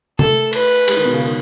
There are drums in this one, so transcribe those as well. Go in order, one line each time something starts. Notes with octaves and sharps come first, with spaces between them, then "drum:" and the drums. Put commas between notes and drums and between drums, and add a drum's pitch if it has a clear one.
A3 A4, drum: tom C3
B4, drum: cymbal
G#3, drum: cymbal
D#3
B2
C#3
D#3